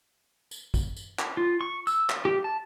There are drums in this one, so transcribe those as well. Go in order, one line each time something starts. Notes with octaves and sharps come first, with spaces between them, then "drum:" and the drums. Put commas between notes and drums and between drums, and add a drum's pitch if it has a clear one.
drum: tambourine
drum: kick, tambourine
drum: tambourine
drum: clap
F4
C#6
E6, drum: tambourine
drum: clap
G4
A5